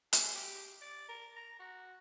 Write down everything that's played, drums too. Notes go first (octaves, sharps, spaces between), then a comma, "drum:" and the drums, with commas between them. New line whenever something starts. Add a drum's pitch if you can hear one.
G#4, drum: hi-hat
G4
D5
A#4
A#5
F#4